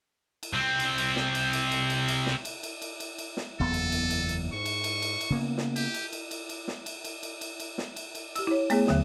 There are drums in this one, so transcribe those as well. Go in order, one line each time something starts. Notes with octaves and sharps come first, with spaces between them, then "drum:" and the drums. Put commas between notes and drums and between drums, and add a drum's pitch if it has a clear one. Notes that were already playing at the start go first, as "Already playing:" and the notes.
drum: cymbal
C2 C4
drum: cymbal
drum: cymbal
drum: snare
drum: cymbal
drum: cymbal
drum: cymbal
drum: cymbal
drum: cymbal
drum: snare
drum: cymbal
drum: cymbal
drum: cymbal
drum: cymbal
drum: cymbal
drum: snare
F#1 E2 B3 A4
drum: cymbal
drum: cymbal
drum: cymbal
drum: cymbal
G#2 C#6
drum: cymbal
drum: cymbal
drum: cymbal
drum: cymbal
C#3 A#3 B3
drum: snare
G4, drum: cymbal
drum: cymbal
drum: cymbal
drum: cymbal
drum: cymbal
drum: snare
drum: cymbal
drum: cymbal
drum: cymbal
drum: cymbal
drum: cymbal
drum: snare
drum: cymbal
drum: cymbal
G4 E6, drum: cymbal
E4 C#5
A3 B3 G#4 C#5, drum: cymbal
D#2 D3 F#3, drum: snare